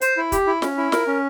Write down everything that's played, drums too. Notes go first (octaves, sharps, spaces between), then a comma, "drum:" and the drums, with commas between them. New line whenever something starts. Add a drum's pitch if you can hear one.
C5, drum: hi-hat
E4
G4, drum: kick, hi-hat
E4
C#4, drum: snare
E4
A#4, drum: snare
C#4